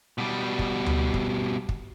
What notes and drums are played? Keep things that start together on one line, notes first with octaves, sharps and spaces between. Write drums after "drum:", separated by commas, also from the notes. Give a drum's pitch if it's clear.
B2 G3
drum: kick
drum: tom D2
drum: kick
drum: kick